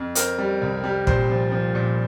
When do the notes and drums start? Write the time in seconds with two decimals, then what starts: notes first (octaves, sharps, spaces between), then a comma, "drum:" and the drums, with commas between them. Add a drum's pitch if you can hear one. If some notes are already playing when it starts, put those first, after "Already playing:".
Already playing: F2
0.15 C4 A#4, drum: hi-hat
0.38 G3
0.61 C2
0.84 G3
1.07 A#2 C5, drum: kick
1.30 F3
1.52 F3
1.75 A#2